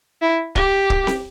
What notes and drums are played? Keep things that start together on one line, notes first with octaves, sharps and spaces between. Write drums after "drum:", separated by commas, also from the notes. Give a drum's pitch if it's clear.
E4
G4, drum: kick C#1
drum: kick C#1
drum: snare C4